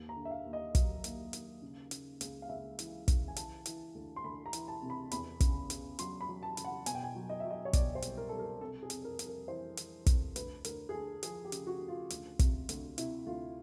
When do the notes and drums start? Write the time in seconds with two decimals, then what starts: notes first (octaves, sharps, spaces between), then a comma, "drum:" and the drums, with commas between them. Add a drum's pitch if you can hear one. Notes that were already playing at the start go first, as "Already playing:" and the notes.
Already playing: D#2
0.09 A#5
0.16 D3
0.25 E5
0.31 F5
0.46 D#2
0.53 D#5
0.75 F#3, drum: kick, hi-hat
1.04 D#2, drum: hi-hat
1.33 D#2, drum: hi-hat
1.62 C#3
1.91 C#3, drum: hi-hat
2.21 C#2, drum: hi-hat
2.42 F5
2.49 C#2 E5
2.79 E3, drum: hi-hat
3.08 C#3, drum: kick, hi-hat
3.28 G#5
3.36 E3 A5, drum: hi-hat
3.66 E3, drum: hi-hat
3.95 D2
4.16 C6
4.24 D2 B5
4.46 A#5
4.53 E3, drum: hi-hat
4.68 A5
4.83 C3
4.90 B5
5.11 E2 B5, drum: hi-hat
5.40 C#3, drum: kick, hi-hat
5.70 C#3, drum: hi-hat
5.99 F#3 C6, drum: hi-hat
6.21 B5
6.28 F#3
6.43 A5
6.57 C#3, drum: hi-hat
6.64 F#5
6.86 B2 G#5, drum: hi-hat
6.95 G5
7.03 G#5
7.15 F#3
7.29 D#5
7.40 F#3 E5
7.50 D#5
7.65 C#5
7.73 B2 D5, drum: kick, hi-hat
7.95 C5
8.02 C2, drum: hi-hat
8.17 A#4
8.29 C2 A4
8.39 A#4
8.61 C3 A4
8.83 G#4
8.90 F2, drum: hi-hat
9.05 A#4
9.19 F2, drum: hi-hat
9.27 A#4
9.48 E3 C5
9.77 E3, drum: hi-hat
10.06 F2, drum: kick, hi-hat
10.36 D2 B4, drum: hi-hat
10.64 D2 A#4, drum: hi-hat
10.89 G#4
10.94 D2 A4
11.23 F3 G#4, drum: hi-hat
11.45 G4
11.52 C#3, drum: hi-hat
11.67 F#4
11.82 C#3
11.88 F4
12.10 D2, drum: hi-hat
12.39 C3, drum: kick, hi-hat
12.69 D2, drum: hi-hat
12.98 C3 E4, drum: hi-hat
13.26 D2 F4